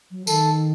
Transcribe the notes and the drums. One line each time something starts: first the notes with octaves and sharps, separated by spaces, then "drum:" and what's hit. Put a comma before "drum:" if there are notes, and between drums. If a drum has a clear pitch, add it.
F#3
D#3 A4, drum: tambourine